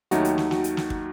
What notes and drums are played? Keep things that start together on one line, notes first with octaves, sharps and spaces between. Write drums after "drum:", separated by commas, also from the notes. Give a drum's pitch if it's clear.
D#2 D#3 F#3 A3 D#4 F#4, drum: hi-hat
drum: hi-hat
drum: snare
F#4, drum: snare
drum: hi-hat
drum: snare
drum: kick